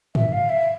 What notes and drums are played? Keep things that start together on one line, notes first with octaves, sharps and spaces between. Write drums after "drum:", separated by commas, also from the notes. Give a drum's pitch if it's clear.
E5, drum: tom
F5
E5